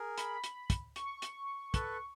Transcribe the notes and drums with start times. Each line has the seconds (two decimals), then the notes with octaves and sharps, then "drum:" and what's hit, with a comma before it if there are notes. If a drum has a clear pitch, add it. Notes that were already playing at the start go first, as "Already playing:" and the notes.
Already playing: G#4 A#4
0.18 B5, drum: hi-hat
0.44 drum: hi-hat
0.70 drum: kick, hi-hat
0.96 C#6, drum: hi-hat
1.22 drum: hi-hat
1.74 A4 B4, drum: kick, hi-hat